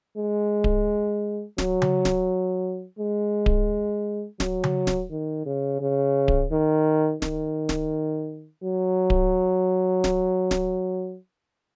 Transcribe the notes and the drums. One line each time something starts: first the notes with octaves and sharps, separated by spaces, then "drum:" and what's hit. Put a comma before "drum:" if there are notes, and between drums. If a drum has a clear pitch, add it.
G#3
drum: kick D1
F#3, drum: snare
drum: tom C#3
drum: snare
G#3
drum: kick D1
F#3, drum: snare
drum: tom C#3
drum: snare
D#3
C#3
C#3
drum: kick D1
D#3
D#3, drum: snare
drum: snare
F#3
drum: kick D1
drum: snare
drum: snare